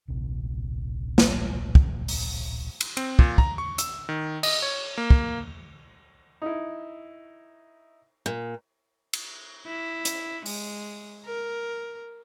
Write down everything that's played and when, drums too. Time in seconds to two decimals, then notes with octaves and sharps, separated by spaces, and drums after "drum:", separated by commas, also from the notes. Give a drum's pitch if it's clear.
0.08 D1 A#1 C3
1.18 drum: snare
1.75 drum: kick
2.08 drum: open hi-hat
2.81 drum: cymbal
2.97 C4, drum: cymbal
3.19 A#2, drum: kick
3.38 A#5, drum: kick
3.58 C#6
3.78 E6, drum: hi-hat
4.09 D#3
4.43 D#5, drum: cymbal
4.62 C#5
4.98 A#3
5.10 drum: kick
6.42 D#4 E4
8.26 A#2
9.13 drum: cymbal
9.67 E4
10.05 drum: hi-hat
10.46 G#3, drum: open hi-hat
11.25 A#4